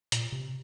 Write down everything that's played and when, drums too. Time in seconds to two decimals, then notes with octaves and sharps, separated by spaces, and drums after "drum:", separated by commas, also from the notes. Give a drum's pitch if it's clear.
0.12 A#2, drum: hi-hat
0.32 C3